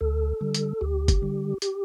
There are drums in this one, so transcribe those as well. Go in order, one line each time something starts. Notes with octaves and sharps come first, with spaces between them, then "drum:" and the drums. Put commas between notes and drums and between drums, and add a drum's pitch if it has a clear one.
D2 A4
D3 G3
drum: hi-hat
D2 G4
drum: kick, hi-hat
D3 G3
G4, drum: hi-hat